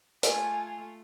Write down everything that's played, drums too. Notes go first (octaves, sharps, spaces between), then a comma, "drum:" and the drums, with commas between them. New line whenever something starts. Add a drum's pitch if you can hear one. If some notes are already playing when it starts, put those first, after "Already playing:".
A3 F4 G#5, drum: hi-hat